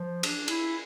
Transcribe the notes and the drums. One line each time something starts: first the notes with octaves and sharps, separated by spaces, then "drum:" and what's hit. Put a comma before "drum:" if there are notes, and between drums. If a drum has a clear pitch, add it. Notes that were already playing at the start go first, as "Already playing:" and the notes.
Already playing: F3
D4, drum: cymbal
E4, drum: cymbal